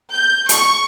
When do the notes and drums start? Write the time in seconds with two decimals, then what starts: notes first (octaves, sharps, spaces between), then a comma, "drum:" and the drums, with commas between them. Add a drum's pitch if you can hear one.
0.11 G6
0.49 C#6, drum: hi-hat